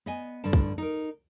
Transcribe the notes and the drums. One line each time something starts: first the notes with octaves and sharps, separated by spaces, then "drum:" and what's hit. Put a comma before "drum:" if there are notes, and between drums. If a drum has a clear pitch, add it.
B3 D#5 G#5
G2 D3 A5
drum: kick
D#4 A#4